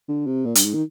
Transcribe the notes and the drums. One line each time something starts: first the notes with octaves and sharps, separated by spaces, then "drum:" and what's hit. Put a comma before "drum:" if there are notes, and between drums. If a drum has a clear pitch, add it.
D3
C3
A#2
G2, drum: hi-hat
G#2
D#3